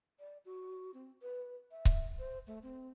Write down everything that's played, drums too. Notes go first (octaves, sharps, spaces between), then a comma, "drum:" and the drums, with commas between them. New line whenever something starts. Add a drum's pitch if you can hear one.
D5
F#4
C4
B4
E5
drum: kick C#1
C5
A3
C4